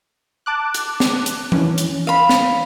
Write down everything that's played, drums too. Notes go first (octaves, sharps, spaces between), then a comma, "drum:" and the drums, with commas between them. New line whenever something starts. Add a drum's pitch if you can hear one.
A5 D6 F#6
drum: hi-hat
drum: snare
drum: hi-hat
E3 C#4, drum: tom E3
drum: hi-hat
F5 B5
drum: snare